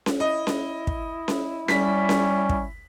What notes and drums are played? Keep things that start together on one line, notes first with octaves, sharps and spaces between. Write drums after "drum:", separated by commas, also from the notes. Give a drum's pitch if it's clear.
drum: snare C#4
E4 D#5
drum: snare C#4
drum: kick
drum: snare C#4
G3 C#4 B6, drum: snare C#4
drum: snare C#4
drum: kick